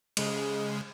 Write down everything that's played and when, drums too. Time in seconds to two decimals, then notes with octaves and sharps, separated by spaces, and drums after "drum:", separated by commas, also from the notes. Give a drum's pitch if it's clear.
0.17 C#3 G#3, drum: cymbal